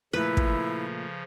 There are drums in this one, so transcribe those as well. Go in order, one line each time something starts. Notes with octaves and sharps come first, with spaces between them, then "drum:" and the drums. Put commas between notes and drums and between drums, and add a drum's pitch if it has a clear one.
A#2 C#3 F3 A3 E4 B4
drum: kick